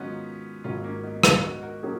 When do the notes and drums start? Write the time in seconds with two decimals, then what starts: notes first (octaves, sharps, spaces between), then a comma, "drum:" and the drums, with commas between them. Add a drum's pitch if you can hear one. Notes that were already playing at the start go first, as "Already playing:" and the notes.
Already playing: G#2 D#3 F#3 B3 C#4 D#4 F4 F#4
0.64 G#1 G#2 D#3 F#3 C#4 F4
0.84 A#3 C#4
1.03 B3 D#4
1.23 drum: rim click
1.43 D#4 F#4
1.63 F#4 A#4
1.83 A#2 F#3 A#3 C#4 G#4